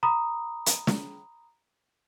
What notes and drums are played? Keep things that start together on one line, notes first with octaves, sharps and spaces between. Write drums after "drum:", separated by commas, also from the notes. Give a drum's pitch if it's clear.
A#5 B5 D#6
drum: hi-hat
drum: snare